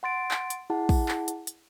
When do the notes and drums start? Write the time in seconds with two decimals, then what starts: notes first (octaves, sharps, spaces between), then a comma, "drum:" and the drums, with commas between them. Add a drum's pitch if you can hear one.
0.03 F#5 C6 A6 D7
0.31 drum: clap
0.50 drum: hi-hat
0.70 E4 G#4 F#5 A5
0.89 drum: kick, open hi-hat
1.08 drum: clap
1.28 drum: hi-hat
1.47 drum: hi-hat